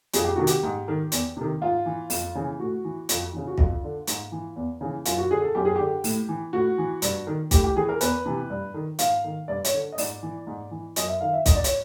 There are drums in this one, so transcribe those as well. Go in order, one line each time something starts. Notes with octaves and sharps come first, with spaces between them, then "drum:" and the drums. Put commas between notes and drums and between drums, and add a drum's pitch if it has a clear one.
F2 G#4, drum: hi-hat
G4
C3 D#3 F#4
G4, drum: hi-hat
G#2
D#3
E2, drum: hi-hat
C3 D#3
G#2 F4
E3
F2, drum: open hi-hat
C#3 E3
A2 F#4
E3
F2, drum: hi-hat
C#3 E3
F#4
F2 F4, drum: kick
D3
G#2, drum: hi-hat
E3
E2
C#3 E3
F#2 F4, drum: hi-hat
F#4
D3 G#4
A4
F#2 G4
G#4
D3 G4
A2, drum: open hi-hat
E3
A2 F#4
E3
G2, drum: hi-hat
D#3
A2 G4, drum: kick, hi-hat
G4
E3 G#4
A#4
E2 B4, drum: hi-hat
C3 E3
G2
D#3
G#2 F5, drum: hi-hat
D#3
G2 D5
C#5, drum: hi-hat
D3
D#5
G#2 D5, drum: open hi-hat
E3
G#2
E3
F#2 D#5, drum: hi-hat
E5
D#3 F5
E5
G#2 D#5, drum: kick, hi-hat
D5
C#5, drum: hi-hat